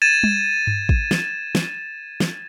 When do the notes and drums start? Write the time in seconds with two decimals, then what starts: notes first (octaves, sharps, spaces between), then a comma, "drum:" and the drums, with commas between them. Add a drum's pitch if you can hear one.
0.02 G#6 A6 D#7 E7
0.23 drum: tom G3
0.67 drum: tom G2
0.89 drum: kick
1.11 drum: snare
1.55 drum: snare
2.20 drum: snare